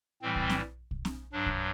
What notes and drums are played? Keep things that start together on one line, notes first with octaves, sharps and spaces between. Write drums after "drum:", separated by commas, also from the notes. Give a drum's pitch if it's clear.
A2 E3 G3 C4
drum: kick
drum: snare C4
drum: kick
drum: snare C4
G2 F#3 D4
drum: kick